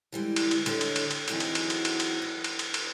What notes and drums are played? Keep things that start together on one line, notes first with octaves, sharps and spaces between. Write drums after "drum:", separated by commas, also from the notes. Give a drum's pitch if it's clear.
D3 E3 G3 G#3
drum: cymbal
drum: cymbal
D3 D#4 G4 C#5, drum: cymbal
drum: cymbal
drum: cymbal
drum: cymbal
E3 F#3 C4 D#4 F#4 G#4, drum: cymbal
drum: cymbal
drum: cymbal
drum: cymbal
drum: cymbal
drum: cymbal
B4
drum: cymbal
drum: cymbal
drum: cymbal